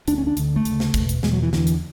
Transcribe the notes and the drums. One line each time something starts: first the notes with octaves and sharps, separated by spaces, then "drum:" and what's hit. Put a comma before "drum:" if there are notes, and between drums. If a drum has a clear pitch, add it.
D2 D3 D4, drum: hi-hat
C#4
D4
D2 D3, drum: hi-hat
A3
D2, drum: hi-hat
C#3
drum: snare
E2 B2, drum: kick, hi-hat
drum: hi-hat
E2 B2 G#3, drum: snare
F#3
E3
E2 D3 E3, drum: snare
drum: hi-hat